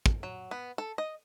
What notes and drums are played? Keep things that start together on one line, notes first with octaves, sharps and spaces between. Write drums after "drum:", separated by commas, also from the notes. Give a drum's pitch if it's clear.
drum: kick
F#3
B3
A4
D#5